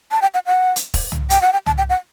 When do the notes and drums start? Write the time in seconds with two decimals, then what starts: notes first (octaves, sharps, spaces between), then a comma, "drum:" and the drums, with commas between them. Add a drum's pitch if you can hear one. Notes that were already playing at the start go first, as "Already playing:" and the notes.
0.11 A5
0.22 G5
0.34 F#5
0.46 F#5
0.76 drum: hi-hat
0.94 drum: kick E1, open hi-hat
1.12 drum: tom
1.30 G5, drum: hi-hat
1.42 F#5
1.53 G5
1.66 A5, drum: tom
1.78 G5
1.89 F#5